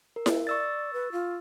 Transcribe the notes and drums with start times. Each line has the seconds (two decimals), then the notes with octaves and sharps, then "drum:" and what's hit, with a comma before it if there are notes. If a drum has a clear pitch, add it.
0.16 A#4
0.26 drum: snare E4
0.47 D5 C#6 E6 A6
0.93 B4
1.12 F4